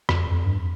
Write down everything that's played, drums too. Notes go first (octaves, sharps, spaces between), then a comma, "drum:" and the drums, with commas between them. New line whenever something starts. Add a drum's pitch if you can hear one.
F2, drum: rim click
F2
G2